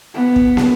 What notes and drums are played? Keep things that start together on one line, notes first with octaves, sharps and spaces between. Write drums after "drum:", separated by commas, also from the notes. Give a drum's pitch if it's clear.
B3
drum: kick
drum: snare